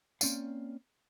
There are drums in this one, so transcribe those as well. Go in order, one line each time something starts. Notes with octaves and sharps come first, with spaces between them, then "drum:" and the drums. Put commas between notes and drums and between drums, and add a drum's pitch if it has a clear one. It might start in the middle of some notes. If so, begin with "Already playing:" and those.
A#3 C4 C#4 D5 F5, drum: tambourine